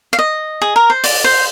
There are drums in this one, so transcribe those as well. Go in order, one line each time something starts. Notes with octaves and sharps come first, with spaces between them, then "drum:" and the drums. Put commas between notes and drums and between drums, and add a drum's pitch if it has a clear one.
F5
D#5
G#4
A#4
C5
D5, drum: open hi-hat
C5